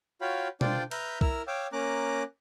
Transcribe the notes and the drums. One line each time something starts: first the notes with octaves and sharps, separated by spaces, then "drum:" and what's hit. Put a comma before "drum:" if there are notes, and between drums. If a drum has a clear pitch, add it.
F4 F#4 C#5 F5 G5 B5
D4 F4 C5 D5 G5, drum: tom B2
B4 E5 A#5 F6 G6, drum: cymbal
E4 A#4 E6 F6, drum: kick
C#5 F5 G5 D6 E6
A#3 C#4 A#5 D6 F#6